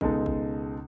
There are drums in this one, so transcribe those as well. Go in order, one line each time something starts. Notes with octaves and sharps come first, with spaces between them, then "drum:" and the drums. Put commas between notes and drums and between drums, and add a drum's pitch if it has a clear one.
C#2 B2 G#3 D#4 A4, drum: kick G#1
drum: kick G#1